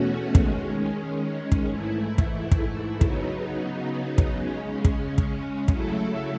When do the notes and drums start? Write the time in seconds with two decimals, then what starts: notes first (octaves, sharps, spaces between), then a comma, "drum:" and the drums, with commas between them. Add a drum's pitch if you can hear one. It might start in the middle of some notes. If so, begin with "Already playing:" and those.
Already playing: E2 B2 A3 C#4 F#4
0.35 D#3 G#3 C#4, drum: kick
1.52 drum: kick
1.68 G#2 E3 A3 E4
2.18 drum: kick
2.52 drum: kick
3.01 C#3 F#3 B3 D#4, drum: kick
4.18 drum: kick
4.35 C#3 G#3 C#4
4.85 drum: kick
5.18 drum: kick
5.68 C#3 F#3 A3 E4 A4, drum: kick